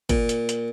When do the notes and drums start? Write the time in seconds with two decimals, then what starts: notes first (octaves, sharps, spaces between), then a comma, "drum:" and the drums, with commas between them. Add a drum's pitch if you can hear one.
0.09 A#2, drum: kick, hi-hat
0.29 drum: hi-hat
0.49 drum: hi-hat